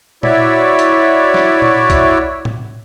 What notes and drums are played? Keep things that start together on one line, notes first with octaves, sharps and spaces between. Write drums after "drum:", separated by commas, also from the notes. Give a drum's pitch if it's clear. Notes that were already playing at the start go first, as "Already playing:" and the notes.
E4 F#4 C#5 D5 E5, drum: tom A#2
drum: hi-hat
drum: snare
drum: tom A#2
drum: kick B1, hi-hat
drum: tom A2